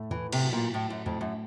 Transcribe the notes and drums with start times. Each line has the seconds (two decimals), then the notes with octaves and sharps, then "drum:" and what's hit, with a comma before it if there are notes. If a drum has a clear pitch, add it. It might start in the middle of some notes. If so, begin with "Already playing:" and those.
Already playing: A2 A3
0.11 A2 E3
0.32 C3, drum: cymbal
0.43 F#3
0.53 A#2
0.74 A2 A3
0.90 F#2
1.06 F2 A2
1.21 F#2